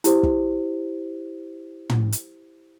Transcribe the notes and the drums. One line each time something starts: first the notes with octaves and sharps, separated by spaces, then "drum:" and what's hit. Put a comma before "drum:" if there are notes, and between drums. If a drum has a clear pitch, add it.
E4 G4 C5, drum: hi-hat
drum: kick
drum: tom
drum: hi-hat